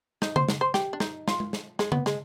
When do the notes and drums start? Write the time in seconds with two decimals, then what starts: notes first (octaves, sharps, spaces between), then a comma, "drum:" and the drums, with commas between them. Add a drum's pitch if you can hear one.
0.22 D#4, drum: snare
0.36 C5, drum: tom C#3
0.49 drum: snare
0.61 C5
0.74 G4, drum: snare
0.93 D4
1.00 D#4, drum: snare
1.28 F4, drum: snare
1.40 drum: tom G#3
1.53 drum: snare
1.79 G#3, drum: snare
1.92 B3, drum: tom C#3
2.06 G#3, drum: snare